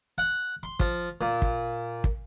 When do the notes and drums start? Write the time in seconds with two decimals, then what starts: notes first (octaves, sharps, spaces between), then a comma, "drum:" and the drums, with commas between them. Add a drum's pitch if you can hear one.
0.18 F#5
0.63 C6
0.80 F3, drum: kick
1.21 A#2
1.42 drum: kick
2.04 drum: kick